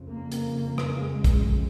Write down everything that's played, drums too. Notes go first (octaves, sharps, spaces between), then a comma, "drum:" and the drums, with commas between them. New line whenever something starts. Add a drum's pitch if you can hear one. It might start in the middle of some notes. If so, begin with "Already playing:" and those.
Already playing: F2 C#3
A#3
drum: hi-hat
drum: rim click
G#3
drum: kick, hi-hat